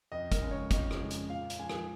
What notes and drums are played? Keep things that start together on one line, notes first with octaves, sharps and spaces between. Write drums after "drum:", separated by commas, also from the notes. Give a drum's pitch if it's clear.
F2 D#5
A#4, drum: kick, hi-hat
C#3 G#3
C#5
F2 D#5, drum: kick, hi-hat
drum: rim click
C#3 G#3
drum: hi-hat
A#2 F5
drum: hi-hat
F3 G#3 G#5
drum: rim click